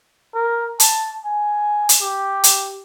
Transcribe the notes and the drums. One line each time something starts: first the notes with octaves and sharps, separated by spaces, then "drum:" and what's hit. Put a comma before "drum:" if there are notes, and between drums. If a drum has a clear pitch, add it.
A#4
A5, drum: hi-hat
G#5
drum: hi-hat
G4
drum: hi-hat